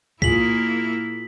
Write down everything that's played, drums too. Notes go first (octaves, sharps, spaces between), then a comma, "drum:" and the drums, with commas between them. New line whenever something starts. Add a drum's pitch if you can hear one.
A#2 A#3 E4 F4 G#4 B6 F#7, drum: kick C2